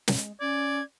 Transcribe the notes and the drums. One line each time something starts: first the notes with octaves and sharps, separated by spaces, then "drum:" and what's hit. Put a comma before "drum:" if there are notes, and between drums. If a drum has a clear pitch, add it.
G#3, drum: snare
C#4 D5 G#6